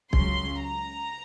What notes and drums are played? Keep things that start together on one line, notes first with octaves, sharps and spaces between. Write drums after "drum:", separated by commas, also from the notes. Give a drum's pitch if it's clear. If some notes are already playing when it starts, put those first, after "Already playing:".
C#2 C#3 F#3 C6, drum: kick
A#5